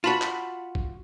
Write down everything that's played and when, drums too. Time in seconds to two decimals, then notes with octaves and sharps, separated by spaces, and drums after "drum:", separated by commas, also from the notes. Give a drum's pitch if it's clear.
0.04 F4 F#4 A5 B5
0.22 drum: clap
0.75 drum: kick